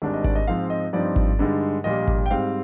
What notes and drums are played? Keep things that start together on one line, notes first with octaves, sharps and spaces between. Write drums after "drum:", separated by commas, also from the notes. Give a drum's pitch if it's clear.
G#1 G#2 G3 D4
D#5
D5, drum: kick G#1
D#5
G#2 F3 C4 F5
D#5
G2 F3 C4 D#4 D5
drum: kick G#1
G2 D3 G#3 D#4
A#1 A#2 G3 A#3 D#5
drum: kick G#1
G5
G#2 G3 C4 F5